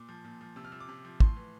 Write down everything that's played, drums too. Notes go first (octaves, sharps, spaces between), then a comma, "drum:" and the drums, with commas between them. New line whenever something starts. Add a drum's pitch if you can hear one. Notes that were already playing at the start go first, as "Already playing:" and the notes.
Already playing: A#2 D6
F3
A#2
F3
C3 E6
F6
F3 E6
D6
C3
F3
A2 C6, drum: kick
E3